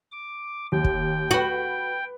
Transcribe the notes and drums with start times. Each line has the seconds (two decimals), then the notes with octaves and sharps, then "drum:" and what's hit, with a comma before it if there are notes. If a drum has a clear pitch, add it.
0.12 D6
0.72 D#2 G5
0.84 drum: kick
1.31 F#4 B4 F#7